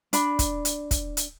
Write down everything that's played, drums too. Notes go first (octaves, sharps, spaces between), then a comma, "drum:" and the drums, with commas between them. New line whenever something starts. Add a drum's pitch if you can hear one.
D4 B5, drum: hi-hat
drum: kick, hi-hat
drum: hi-hat
drum: kick, hi-hat
drum: hi-hat